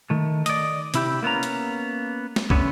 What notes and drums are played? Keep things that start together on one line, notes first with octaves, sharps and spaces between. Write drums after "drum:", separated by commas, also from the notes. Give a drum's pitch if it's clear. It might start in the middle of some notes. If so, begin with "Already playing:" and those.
D#3 A3
D5 D#5, drum: hi-hat
C3 E4 G4, drum: hi-hat
A#3 B3 C#4 A#5
drum: hi-hat
drum: snare
D2 D3 B3 C#4, drum: kick